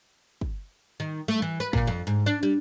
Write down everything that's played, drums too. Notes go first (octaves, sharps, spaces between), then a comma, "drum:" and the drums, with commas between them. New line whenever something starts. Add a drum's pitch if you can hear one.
drum: kick
D#3
A3
E3
B4
A#2, drum: kick
F2
G#2
D4
G3